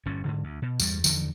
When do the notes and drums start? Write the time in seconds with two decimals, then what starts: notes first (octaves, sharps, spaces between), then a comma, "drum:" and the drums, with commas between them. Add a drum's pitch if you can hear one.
0.06 G1 G2 A#2 C#4
0.25 G#2 D3
0.44 D2
0.62 B2
0.80 E2 G2 G3, drum: tambourine
1.04 E2 D3 D#3 F3, drum: tambourine